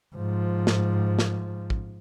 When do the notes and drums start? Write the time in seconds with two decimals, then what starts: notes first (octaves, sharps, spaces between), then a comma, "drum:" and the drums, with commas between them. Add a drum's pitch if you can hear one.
0.15 G#2 F3
0.67 drum: snare
1.19 drum: snare
1.70 drum: kick